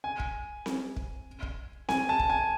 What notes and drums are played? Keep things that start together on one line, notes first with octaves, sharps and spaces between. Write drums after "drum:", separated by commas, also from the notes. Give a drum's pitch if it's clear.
G#5
drum: kick
drum: snare C4
drum: kick
drum: kick
G#5, drum: snare C4
A5
drum: kick
G#5